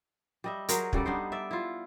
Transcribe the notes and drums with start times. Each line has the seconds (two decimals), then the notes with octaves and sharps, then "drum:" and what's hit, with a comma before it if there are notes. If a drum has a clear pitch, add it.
0.44 G3 D#5 E5
0.68 F#3 G#4 A#4 C5, drum: hi-hat
0.93 C#3 G3 A4 D5, drum: kick
1.06 B3 D4 D#4 C5
1.32 D5 E5
1.51 E4 F4